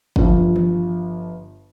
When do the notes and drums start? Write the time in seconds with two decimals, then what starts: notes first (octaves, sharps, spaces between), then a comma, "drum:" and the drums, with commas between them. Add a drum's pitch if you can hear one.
0.16 G1 F3, drum: kick F#1
0.56 drum: tom D#3